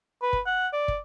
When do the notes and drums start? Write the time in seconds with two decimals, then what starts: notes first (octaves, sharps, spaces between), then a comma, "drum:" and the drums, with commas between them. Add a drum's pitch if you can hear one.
0.22 B4
0.33 drum: kick
0.47 F#5
0.73 D5
0.88 drum: kick